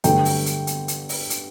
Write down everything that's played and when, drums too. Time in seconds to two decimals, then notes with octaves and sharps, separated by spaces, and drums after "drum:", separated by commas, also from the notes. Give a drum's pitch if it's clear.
0.04 G2 D3 F#3 A3 G5, drum: hi-hat
0.25 drum: open hi-hat
0.46 drum: hi-hat
0.67 drum: hi-hat
0.88 drum: hi-hat
1.09 drum: open hi-hat
1.30 drum: hi-hat